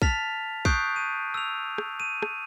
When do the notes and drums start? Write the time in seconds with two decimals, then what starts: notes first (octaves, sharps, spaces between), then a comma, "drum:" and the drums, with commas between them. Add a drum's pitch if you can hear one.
0.02 A5 F6 A6 B6 F7, drum: kick
0.65 C#6 D#6 F#6 G6 C7 D7, drum: kick
0.96 D#7
1.34 E6 F7
1.78 drum: rim click
2.00 D#7
2.22 drum: rim click